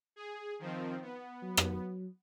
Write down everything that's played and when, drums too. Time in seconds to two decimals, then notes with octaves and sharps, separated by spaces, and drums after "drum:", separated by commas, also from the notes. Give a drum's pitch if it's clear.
0.16 G#4
0.59 D#3 F3 C4
1.01 B3
1.42 F#3
1.57 drum: rim click